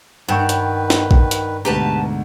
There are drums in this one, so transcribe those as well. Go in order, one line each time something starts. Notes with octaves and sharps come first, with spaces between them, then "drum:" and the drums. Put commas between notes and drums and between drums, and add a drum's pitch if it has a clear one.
G2 D#3 B4 F#5 G5 C#6
drum: hi-hat
drum: snare
drum: kick A#1
drum: hi-hat
D2 G#2 B2 G4 B4 A5 A#5